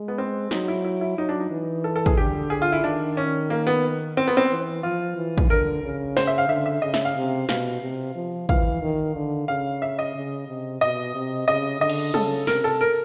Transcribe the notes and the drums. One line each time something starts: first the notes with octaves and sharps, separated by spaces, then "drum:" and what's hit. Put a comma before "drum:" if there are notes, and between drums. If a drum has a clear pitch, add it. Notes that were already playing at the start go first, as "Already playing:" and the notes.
Already playing: G#3
B3
C4
F#3 D#4, drum: snare
E4
E4
E4
F#3 D#4
D4
D#4
E3
A4
A4
G#4, drum: kick
D3 G4
G#4
F4
E4
D#3 D4
C#4
A#3
B3
C4
B3
C4
E3
F3 F4
E3
drum: kick
D3 A#4
C#3
C5, drum: snare
E5
F5
D3 E5
E5
C#3 D#5
E5, drum: snare
F5
C3
B2 F5, drum: snare
C3
F3
E3 F5, drum: kick
D#3
D3
C#3 F5
E5
D#5
C#3
C3
B2 D#5
C3
C#3 D#5
D3 D#5
drum: cymbal
C#3 A4, drum: tom
C3 A#4, drum: snare
A4
A#4